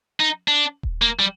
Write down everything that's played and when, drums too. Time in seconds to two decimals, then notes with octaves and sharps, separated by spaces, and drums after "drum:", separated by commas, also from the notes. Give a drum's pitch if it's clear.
0.20 D#4
0.48 D4
0.83 drum: kick D#1
1.02 A#3
1.19 G3